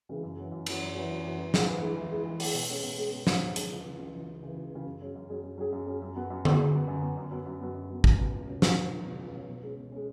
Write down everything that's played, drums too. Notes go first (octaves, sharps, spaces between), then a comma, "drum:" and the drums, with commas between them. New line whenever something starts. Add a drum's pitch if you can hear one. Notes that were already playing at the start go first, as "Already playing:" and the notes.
C#3 E3 G#3
F#2
E3 C#4 F#4
F#2
E3 C#4 F#4, drum: cymbal
F#2
E3 C#4 F#4
F#2
E3 C#4 F#4
E3
G#3 E4, drum: snare
E3
G#3 E4
E3
G#3 E4
E3
G#3 E4, drum: open hi-hat
B2
G#3 C#4 G#4
B2
G#3 C#4 G#4
B2
G#3 C#4 G#4, drum: snare
B2
G#3 C#4 G#4, drum: hi-hat
C#2
C#3 E3
C#2
C#3 E3
C#2
C#3 E3
C#2
C#3 E3
F#2
F#3 C#4 G#4
F#2
F#3 C#4 G#4
F#2
F#3 C#4 G#4
F#2
F#3 C#4 G#4
F#2
F#3 B3 F#4
F#2
F#3 B3 F#4, drum: tom D3
F#2
F#3 B3 F#4
F#2
F#3 B3 F#4
F#2
F#3 B3
F#2
F#3 B3
F#2
F#3 B3
F#2, drum: kick
F#3 B3
C#2
B2 F#3 C#4
C#2, drum: snare
B2 F#3 C#4
C#2
B2 F#3 C#4
C#2
B2 F#3 C#4
B2
G#3 C#4
B2
G#3 C#4